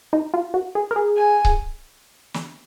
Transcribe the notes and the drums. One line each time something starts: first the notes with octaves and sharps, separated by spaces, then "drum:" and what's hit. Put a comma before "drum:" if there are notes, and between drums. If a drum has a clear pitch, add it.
D#4
F4
F#4
G#4
A#4
G#4
G#5
drum: kick C#1
drum: snare